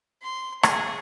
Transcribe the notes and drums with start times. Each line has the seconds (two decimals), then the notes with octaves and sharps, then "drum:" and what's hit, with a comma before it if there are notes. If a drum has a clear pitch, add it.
0.23 C6
0.63 G#4, drum: rim click